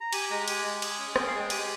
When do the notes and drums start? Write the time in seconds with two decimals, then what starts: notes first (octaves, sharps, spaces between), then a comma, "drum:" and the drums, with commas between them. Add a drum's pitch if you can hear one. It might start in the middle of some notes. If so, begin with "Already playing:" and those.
0.01 A#5
0.13 G4 G#5, drum: cymbal
0.30 G#3 A#5
0.48 G4 G#5, drum: cymbal
0.65 G#3
0.82 G#4, drum: cymbal
0.99 C#4
1.16 G#4 G5, drum: rim click
1.27 F5
1.34 G#3
1.39 G5
1.50 G4 G#5, drum: cymbal